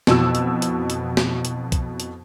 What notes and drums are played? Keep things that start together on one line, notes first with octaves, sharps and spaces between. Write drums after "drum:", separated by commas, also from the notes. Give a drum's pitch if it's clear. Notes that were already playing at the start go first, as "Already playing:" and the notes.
F2 B2 E3 F#4 E6, drum: snare
drum: hi-hat
drum: hi-hat
drum: hi-hat
drum: snare
drum: hi-hat
drum: kick B1, hi-hat
drum: hi-hat